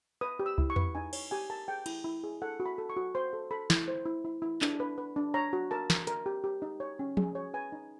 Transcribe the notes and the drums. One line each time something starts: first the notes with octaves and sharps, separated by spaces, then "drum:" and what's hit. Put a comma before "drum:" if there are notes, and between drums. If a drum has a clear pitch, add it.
B4 D#6
G4
E6
E4, drum: kick C#2
C#6
B4, drum: tom E2
D#4 G#5
C#5, drum: cymbal
G4 G#5
A#4 A5
G#4 G5
E4, drum: cymbal
E4
G#4
A4 F#5
F#4
B5
A4
C#6
F#4
C5 C6
A4
A4 B5
E4, drum: snare
C5
E4
E4
E4
D4, drum: clap
B4
B4
D4
C#5 A#5
F#4
A#4 A5
A#4, drum: snare
A#4, drum: hi-hat
G4
G4
D#4
C#5
C#4
G#4, drum: tom F3
C#5
B4 G#5
D#4